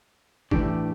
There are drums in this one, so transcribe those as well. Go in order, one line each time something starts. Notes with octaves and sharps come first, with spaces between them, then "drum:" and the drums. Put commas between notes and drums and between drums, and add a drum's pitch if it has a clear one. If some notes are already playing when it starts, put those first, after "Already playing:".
A2 E3 A3 D4 G4, drum: kick G#1